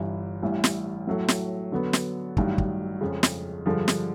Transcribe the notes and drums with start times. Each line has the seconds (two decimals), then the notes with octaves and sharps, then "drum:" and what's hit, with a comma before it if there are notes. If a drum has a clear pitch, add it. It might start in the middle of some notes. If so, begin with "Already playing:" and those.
Already playing: G1 G2 E3
0.43 A1 G2 E3
0.64 drum: snare
1.07 A2 F#3 A3
1.28 drum: snare
1.72 D3 F#3 B3
1.93 drum: snare
2.37 A1 G2 D#3 F#3, drum: kick
2.58 drum: kick
3.01 F2 C#3 F3 G#3
3.23 drum: snare
3.66 G2 D3 F3 G#3
3.88 drum: snare